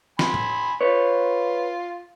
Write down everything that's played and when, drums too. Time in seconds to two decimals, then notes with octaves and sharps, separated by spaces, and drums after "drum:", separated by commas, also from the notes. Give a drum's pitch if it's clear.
0.19 G#5 B5 C6, drum: snare
0.34 drum: tom A2
0.81 F4 B4 C#5